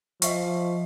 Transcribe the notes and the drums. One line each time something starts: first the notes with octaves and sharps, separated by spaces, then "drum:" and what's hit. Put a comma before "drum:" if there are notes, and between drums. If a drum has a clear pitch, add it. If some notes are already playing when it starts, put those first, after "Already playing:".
F3 D#5 E5 C#6, drum: hi-hat